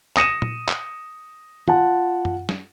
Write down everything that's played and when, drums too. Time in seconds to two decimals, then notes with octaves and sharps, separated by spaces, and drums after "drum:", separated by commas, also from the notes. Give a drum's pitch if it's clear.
0.17 D#6 A#6 C#7 D#7 E7, drum: clap
0.42 drum: tom A#2
0.69 drum: clap
1.68 F4 F#5 A5, drum: tom
2.25 drum: tom F#2
2.49 drum: snare